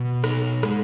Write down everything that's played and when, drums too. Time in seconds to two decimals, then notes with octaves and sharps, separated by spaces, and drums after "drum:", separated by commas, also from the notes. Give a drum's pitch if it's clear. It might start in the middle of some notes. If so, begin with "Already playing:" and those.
Already playing: B2
0.24 D#4, drum: rim click
0.63 G#3, drum: rim click